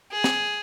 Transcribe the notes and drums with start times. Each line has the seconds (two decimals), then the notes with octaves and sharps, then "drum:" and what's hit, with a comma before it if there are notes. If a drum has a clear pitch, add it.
0.12 G#4
0.24 drum: snare